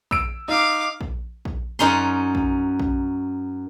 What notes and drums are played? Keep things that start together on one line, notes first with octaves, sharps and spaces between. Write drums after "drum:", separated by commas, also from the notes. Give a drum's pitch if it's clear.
E6 D7, drum: kick A#1
D#4 F5 D6
drum: kick A#1
drum: kick A#1
F#2 C#4 D#4 C6
drum: kick A#1
drum: kick A#1